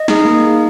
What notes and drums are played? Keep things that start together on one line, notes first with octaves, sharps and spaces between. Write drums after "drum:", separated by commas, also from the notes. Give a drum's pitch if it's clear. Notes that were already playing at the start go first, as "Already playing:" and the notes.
Already playing: D#5
D#4 G#4, drum: snare
A#3
D#4 G#4